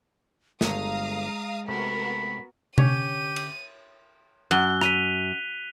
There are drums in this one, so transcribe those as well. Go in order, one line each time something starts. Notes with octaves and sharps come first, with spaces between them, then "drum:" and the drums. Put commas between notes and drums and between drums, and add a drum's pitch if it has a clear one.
G1 G#3 A3 E5 F5 A#5 D#6, drum: snare
C3 A3 B3 F#4 A#4 B5
D3 C#4 G4 C#5 G6 D#7, drum: tom C3
drum: cymbal
F#2 F#6 G7
B6 D#7 F7, drum: rim click